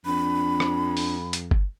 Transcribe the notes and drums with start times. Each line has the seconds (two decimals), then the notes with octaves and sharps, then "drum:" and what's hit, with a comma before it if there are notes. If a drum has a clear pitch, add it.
0.06 F2 D4 B5
0.60 drum: rim click
0.97 drum: open hi-hat
1.33 drum: hi-hat
1.51 drum: kick G1